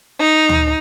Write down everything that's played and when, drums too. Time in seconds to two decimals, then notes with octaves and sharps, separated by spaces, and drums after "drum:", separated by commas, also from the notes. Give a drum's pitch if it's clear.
0.20 D#4
0.49 drum: tom D2